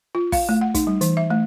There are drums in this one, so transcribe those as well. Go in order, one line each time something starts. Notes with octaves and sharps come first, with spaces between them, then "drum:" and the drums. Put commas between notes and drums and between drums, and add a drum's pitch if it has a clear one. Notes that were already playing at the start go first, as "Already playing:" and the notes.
F4
F5, drum: kick, open hi-hat
A3
F#5
D#4, drum: kick, hi-hat
G3
E3, drum: hi-hat
E5
A3